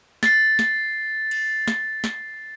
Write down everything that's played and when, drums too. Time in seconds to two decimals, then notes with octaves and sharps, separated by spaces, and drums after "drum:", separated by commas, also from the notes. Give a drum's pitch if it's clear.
0.23 A6 C7, drum: snare
0.59 drum: snare
1.31 drum: cymbal
1.68 drum: snare
2.04 drum: snare